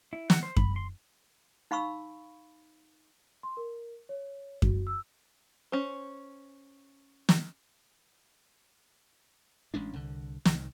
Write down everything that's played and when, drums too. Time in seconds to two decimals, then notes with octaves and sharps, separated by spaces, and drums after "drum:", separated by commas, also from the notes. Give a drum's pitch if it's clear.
0.13 E4
0.30 F#5, drum: snare
0.43 C5
0.56 B5, drum: kick F#2
0.76 C6
1.71 D#4 F5 B5 C#6 E6
3.43 C6
3.57 A#4
4.09 C#5
4.62 F#4, drum: kick F#2
4.87 E6
5.72 C#4 C5
7.29 drum: snare
9.74 A1 G#3 C#4 D4
9.94 C2 D3
10.45 C2 D#3, drum: snare